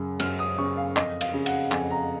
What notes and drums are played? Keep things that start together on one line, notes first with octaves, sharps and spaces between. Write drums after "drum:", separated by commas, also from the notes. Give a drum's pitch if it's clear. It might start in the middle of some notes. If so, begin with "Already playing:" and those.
Already playing: F#2 C#3
F#2 F6, drum: cymbal
D#6
C#3 C#6
F5
F2 D#5, drum: clap
F5, drum: cymbal
C#3
F#5, drum: cymbal
F2 G#5, drum: clap
A#5